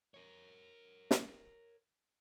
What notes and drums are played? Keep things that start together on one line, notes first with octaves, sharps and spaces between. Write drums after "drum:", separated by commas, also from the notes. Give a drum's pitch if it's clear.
A#4 C#5
drum: snare